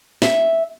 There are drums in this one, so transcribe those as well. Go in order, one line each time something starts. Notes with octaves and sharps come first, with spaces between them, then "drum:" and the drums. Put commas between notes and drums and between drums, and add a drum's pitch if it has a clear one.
E5, drum: snare